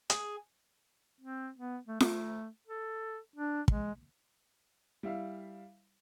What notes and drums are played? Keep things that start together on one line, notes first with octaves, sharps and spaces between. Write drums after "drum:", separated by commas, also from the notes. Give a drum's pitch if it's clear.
G#4, drum: hi-hat
C4
B3
A3
A3, drum: snare F4
A4
D4
G#3, drum: kick
G3 E4 E5 F5